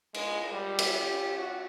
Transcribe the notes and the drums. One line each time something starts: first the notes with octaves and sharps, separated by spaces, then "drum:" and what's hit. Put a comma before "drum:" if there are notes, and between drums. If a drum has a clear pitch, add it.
G#3, drum: cymbal
G3
drum: cymbal
G4
F#4